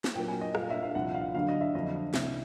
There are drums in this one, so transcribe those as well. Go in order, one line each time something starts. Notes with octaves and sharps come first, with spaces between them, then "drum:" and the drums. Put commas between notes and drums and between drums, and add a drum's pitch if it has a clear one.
drum: snare
A#2 F#3 A#3 G5
G#5
D#5
A#2 G3 A#3 F5, drum: rim click
E5
F5
C2 A#2 F3 F#5
F5
D2 D3 F#3 F5
D#5
E5
F2 D3 F#3 D#5
C2 C3 E3 G3 E5, drum: snare